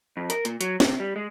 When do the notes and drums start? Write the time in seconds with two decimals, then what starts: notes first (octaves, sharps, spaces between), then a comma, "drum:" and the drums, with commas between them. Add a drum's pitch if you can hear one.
0.17 F2
0.30 A#4, drum: hi-hat
0.45 A#2, drum: hi-hat
0.61 F#3, drum: hi-hat
0.80 C3, drum: snare
1.00 G3
1.16 G#3